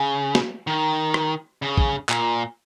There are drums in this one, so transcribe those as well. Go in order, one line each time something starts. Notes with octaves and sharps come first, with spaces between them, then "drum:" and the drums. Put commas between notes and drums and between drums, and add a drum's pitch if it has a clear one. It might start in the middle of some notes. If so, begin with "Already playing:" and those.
Already playing: C#3
drum: snare
D#3
drum: rim click
C#3
drum: kick
A#2, drum: clap